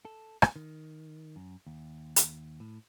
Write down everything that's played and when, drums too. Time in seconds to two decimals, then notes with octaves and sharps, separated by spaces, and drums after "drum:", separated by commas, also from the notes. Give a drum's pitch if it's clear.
0.05 A4
0.42 drum: rim click
0.56 D#3
1.36 F#2
1.67 D#2
2.16 drum: hi-hat
2.60 A2